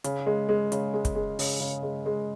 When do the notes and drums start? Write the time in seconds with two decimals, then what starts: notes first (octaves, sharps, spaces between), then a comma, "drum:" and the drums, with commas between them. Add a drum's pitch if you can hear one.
0.04 C#3, drum: hi-hat
0.26 G#3
0.49 G#3
0.72 C#3, drum: hi-hat
0.93 G#3
1.05 drum: kick, hi-hat
1.15 G#3
1.39 C#3, drum: open hi-hat
1.60 C#3
1.83 G#3
2.06 G#3